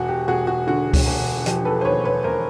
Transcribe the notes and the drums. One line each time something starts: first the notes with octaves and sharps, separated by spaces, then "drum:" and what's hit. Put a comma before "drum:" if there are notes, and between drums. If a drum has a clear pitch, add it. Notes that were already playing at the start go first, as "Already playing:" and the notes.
Already playing: E1 F#4
G4
E1 F#4 G#4
F#4
D3 F#4
drum: kick C#2, open hi-hat
E1
F3 G4, drum: hi-hat
A4 B4
C5
D#2 B4 C#5
B4 C#5
E1 A#4 C5